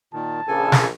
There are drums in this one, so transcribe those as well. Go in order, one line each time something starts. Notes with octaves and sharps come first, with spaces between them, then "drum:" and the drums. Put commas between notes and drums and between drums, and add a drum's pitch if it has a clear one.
A#2 D#3 A5
A#1 C#3 A4 G#5
drum: snare